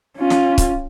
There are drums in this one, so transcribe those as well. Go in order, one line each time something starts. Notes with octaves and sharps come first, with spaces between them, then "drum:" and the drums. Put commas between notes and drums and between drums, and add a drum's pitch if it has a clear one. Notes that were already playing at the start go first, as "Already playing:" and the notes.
C#4 F4
drum: snare
drum: kick, hi-hat